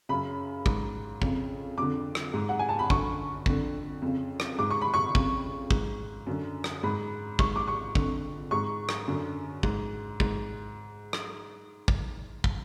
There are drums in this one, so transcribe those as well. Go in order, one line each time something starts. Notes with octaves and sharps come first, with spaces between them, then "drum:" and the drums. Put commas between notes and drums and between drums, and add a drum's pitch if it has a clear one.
F#2 C#3 B5
G#2, drum: kick
F2 C#3, drum: kick
F2 D3 D6
drum: rim click
G#2
F#5
G#5
A5
B5
F#2 D3 C#6, drum: kick
F2 D3, drum: kick
F2 C#3
drum: rim click
G#2 D6
C#6
B5
C#6
F2 C#3, drum: kick
G#2, drum: kick
F#2 D3
drum: rim click
G#2 B5
G#2 C#6, drum: kick
D6
C#6
F2 D3, drum: kick
G#2 C#6
drum: rim click
F#2 D3
G#2, drum: kick
G#2, drum: kick
drum: rim click
drum: kick
drum: kick